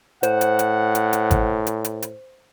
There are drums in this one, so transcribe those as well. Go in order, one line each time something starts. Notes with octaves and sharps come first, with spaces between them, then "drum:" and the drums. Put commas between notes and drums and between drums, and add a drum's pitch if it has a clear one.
A2 C5 F#5, drum: hi-hat
drum: hi-hat
drum: hi-hat
drum: hi-hat
drum: hi-hat
drum: kick G#1, hi-hat
drum: hi-hat
drum: hi-hat
drum: hi-hat